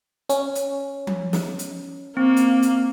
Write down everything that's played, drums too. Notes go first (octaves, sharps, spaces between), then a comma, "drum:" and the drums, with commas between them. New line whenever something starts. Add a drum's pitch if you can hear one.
C#4, drum: hi-hat
drum: hi-hat
drum: tom F3
drum: snare
drum: hi-hat
A#3 C4
drum: hi-hat
drum: hi-hat